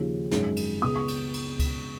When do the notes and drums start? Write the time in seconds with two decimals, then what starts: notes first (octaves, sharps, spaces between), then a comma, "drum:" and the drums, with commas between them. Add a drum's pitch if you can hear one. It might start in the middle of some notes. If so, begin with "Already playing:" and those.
Already playing: D#2 C#3 F3
0.31 G#1 F#2 D#3 G#3, drum: snare
0.57 drum: cymbal
0.82 C#2 C#3 G#3 B3 D#6
0.96 C#6
1.08 drum: cymbal
1.34 drum: cymbal
1.59 drum: kick C#2, cymbal